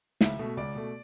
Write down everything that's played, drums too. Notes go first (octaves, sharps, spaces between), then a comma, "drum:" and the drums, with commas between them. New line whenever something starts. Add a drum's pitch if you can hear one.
C#2 E5, drum: snare
B2 A3
C#2 D5
B2 A3